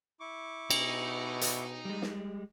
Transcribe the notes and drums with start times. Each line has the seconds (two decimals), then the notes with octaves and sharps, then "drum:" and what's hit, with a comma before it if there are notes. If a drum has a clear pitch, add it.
0.20 E4 C#6 D6
0.71 B2 D#4, drum: cymbal
1.41 drum: hi-hat
1.85 G3 G#3
2.02 drum: snare